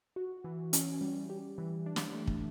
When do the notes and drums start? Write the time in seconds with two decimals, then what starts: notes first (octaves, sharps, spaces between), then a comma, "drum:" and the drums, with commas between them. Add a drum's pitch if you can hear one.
0.16 F#4
0.44 E3
0.73 C#4, drum: hi-hat
1.01 G3
1.30 G4
1.58 E3
1.86 D4
1.96 drum: snare
2.15 A3
2.27 drum: kick